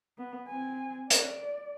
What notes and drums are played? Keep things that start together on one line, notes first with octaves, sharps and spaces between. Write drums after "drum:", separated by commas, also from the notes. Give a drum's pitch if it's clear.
B3
C4 G#5
D5, drum: hi-hat